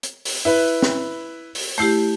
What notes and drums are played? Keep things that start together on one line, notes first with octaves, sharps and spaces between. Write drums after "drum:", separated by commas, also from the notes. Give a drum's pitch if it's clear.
drum: hi-hat
drum: open hi-hat
E4 B4
drum: snare
drum: open hi-hat
A3 E4 G4 G6 C7